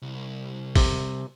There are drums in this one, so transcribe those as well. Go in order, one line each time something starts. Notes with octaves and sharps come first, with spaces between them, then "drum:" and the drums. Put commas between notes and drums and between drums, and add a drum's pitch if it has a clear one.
C2
C3, drum: kick, open hi-hat